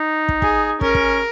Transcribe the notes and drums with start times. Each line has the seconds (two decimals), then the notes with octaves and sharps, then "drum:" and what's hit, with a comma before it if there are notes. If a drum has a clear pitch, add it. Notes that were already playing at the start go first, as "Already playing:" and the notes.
Already playing: D#4
0.29 drum: kick
0.42 G#4, drum: kick
0.81 C#4 A#4, drum: kick
0.95 drum: kick